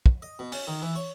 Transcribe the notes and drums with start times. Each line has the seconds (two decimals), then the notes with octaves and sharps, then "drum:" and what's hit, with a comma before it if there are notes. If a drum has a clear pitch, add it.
0.06 drum: kick
0.22 D#5
0.39 B2
0.52 C#4, drum: open hi-hat
0.67 D#3
0.82 E3
0.96 C#5